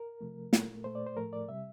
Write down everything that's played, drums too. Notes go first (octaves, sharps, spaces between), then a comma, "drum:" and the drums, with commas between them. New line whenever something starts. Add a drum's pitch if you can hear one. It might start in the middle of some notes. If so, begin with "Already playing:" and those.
Already playing: A#4
C3 F3 A3
A#2 A3, drum: snare
A#2 A3 C5
D5
C5
A2 F3 A3 A#4
D5
C3 G3 E5